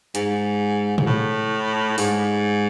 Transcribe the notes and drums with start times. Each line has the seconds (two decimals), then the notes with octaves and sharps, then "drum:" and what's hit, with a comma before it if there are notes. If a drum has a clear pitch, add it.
0.15 G#2, drum: hi-hat
0.98 G#2, drum: tom
1.06 A2
1.98 G#2, drum: open hi-hat